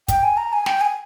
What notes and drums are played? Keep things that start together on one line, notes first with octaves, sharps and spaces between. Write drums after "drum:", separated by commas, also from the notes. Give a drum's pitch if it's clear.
G5, drum: kick, hi-hat
G#5
A#5
G#5
G5, drum: snare
G#5